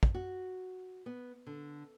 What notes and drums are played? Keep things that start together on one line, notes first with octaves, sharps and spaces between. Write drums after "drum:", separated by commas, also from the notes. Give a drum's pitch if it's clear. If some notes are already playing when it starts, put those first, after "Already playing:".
drum: kick
F#4
B3
D3